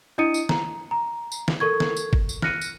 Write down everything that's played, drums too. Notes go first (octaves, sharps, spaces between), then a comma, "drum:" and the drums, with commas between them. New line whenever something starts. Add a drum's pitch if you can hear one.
D4 E4 D#5 D#6 C#7 D#7
drum: tambourine
A#5, drum: snare
A#5
drum: tambourine
drum: snare
A4 A#4 C#6 G#6
drum: snare
drum: tambourine
drum: kick G1
drum: tambourine
F6 F#6 A#6 C#7 D#7, drum: snare
drum: tambourine